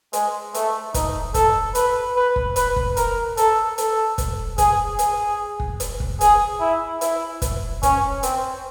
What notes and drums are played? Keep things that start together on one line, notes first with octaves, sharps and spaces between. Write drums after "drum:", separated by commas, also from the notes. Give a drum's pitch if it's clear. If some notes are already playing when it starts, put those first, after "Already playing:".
G#3, drum: hi-hat
A3, drum: hi-hat
D#4, drum: kick, hi-hat
A4, drum: kick, hi-hat
B4, drum: hi-hat
B4
drum: kick
B4, drum: hi-hat
drum: kick
A#4, drum: hi-hat
A4, drum: hi-hat
A4, drum: hi-hat
drum: kick, hi-hat
G#4, drum: kick, hi-hat
G#4, drum: hi-hat
drum: kick
drum: hi-hat
drum: kick
G#4, drum: hi-hat
E4
E4, drum: hi-hat
drum: kick, hi-hat
C#4, drum: kick, hi-hat
C4, drum: hi-hat